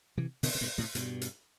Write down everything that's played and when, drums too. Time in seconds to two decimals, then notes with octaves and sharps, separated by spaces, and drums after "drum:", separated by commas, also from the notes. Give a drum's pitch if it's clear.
0.17 C3 E3
0.43 B2 D3, drum: open hi-hat
0.55 C3
0.61 G2 B2
0.78 A2 C3
0.95 G2 B2, drum: hi-hat
1.21 drum: hi-hat